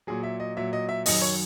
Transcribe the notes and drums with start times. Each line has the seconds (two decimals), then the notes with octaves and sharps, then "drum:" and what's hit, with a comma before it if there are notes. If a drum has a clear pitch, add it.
0.07 A#2 F#3 G#4
0.23 E5
0.40 D#5
0.57 A#2 F#3 E5
0.73 D#5
0.89 E5
1.06 F#2 D#3 F#3 D#5, drum: open hi-hat
1.22 C#5